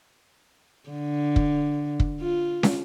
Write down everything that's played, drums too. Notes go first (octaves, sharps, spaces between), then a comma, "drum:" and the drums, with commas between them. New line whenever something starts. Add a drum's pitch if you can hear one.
D3
drum: kick
drum: kick
F4
drum: snare